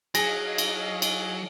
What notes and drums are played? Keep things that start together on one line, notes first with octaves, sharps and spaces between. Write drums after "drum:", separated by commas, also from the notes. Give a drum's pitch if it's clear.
F#3 G#4 D#5 F5 G#5 A#6, drum: cymbal
drum: cymbal
drum: cymbal